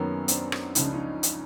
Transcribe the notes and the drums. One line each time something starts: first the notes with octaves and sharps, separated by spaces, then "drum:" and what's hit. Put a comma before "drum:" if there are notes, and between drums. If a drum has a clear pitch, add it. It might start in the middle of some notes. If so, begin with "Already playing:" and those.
Already playing: F#2 D#3 F#3 A#3 B3 C#4
C4 D4, drum: hi-hat
drum: rim click
C#2 C#3 F3 D#4, drum: hi-hat
D4
C#4 D#4
drum: hi-hat